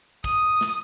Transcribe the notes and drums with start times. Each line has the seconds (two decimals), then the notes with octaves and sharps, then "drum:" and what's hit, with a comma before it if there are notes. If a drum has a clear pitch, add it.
0.24 D#6, drum: kick
0.61 drum: snare